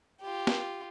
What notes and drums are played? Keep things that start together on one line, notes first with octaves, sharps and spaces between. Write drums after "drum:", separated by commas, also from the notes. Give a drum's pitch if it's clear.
F4 G4
drum: snare